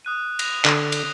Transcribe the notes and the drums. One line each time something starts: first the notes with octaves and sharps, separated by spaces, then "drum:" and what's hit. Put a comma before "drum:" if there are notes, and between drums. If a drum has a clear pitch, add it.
D#6 F#6 D#7
A#6 F7, drum: cymbal
D3, drum: clap
drum: cymbal